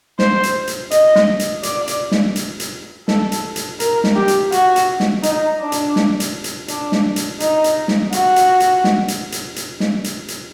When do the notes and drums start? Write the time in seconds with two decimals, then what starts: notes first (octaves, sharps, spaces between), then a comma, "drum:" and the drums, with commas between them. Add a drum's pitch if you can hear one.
0.19 C5, drum: snare
0.43 drum: hi-hat
0.67 drum: hi-hat
0.91 D#5, drum: hi-hat
1.15 drum: snare
1.40 drum: hi-hat
1.63 D5, drum: hi-hat
1.88 drum: hi-hat
2.12 drum: snare
2.36 drum: hi-hat
2.60 drum: hi-hat
3.08 A4, drum: snare
3.32 drum: hi-hat
3.56 drum: hi-hat
3.80 A#4, drum: hi-hat
4.04 drum: snare
4.16 G4
4.28 drum: hi-hat
4.52 F#4, drum: hi-hat
4.76 drum: hi-hat
5.00 drum: snare
5.23 D#4, drum: hi-hat
5.60 D4
5.72 drum: hi-hat
5.96 drum: snare
6.20 drum: hi-hat
6.44 drum: hi-hat
6.68 D4, drum: hi-hat
6.92 drum: snare
7.16 drum: hi-hat
7.40 D#4, drum: hi-hat
7.64 drum: hi-hat
7.88 drum: snare
8.12 F#4, drum: hi-hat
8.36 drum: hi-hat
8.60 drum: hi-hat
8.84 drum: snare
9.08 drum: hi-hat
9.32 drum: hi-hat
9.56 drum: hi-hat
9.80 drum: snare
10.04 drum: hi-hat
10.28 drum: hi-hat